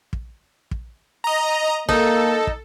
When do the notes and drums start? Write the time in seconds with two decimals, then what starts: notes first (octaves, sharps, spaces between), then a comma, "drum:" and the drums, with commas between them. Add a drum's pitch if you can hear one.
0.13 drum: kick
0.71 drum: kick
1.24 D#5 A#5
1.89 A#3 D#4 A4, drum: kick
2.47 drum: kick